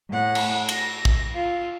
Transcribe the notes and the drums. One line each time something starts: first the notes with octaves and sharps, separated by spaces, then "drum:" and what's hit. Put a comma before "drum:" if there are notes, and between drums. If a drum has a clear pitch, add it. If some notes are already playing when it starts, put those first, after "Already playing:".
A2 F#5
drum: cymbal
A#6, drum: cymbal
drum: kick
F4